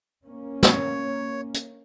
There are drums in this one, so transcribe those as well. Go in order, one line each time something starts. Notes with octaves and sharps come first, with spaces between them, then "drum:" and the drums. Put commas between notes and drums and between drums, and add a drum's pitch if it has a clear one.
A#3 C#4
C#5, drum: snare
drum: hi-hat